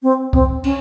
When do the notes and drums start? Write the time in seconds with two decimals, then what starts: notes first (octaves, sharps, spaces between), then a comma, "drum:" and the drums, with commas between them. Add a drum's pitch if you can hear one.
0.02 C4
0.33 C4, drum: kick C2
0.64 C#4, drum: cymbal